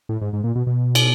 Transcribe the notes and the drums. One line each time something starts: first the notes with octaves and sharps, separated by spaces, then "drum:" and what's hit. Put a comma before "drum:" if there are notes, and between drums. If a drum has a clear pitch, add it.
A2
G#2
G#2
A#2
B2
B2
drum: cymbal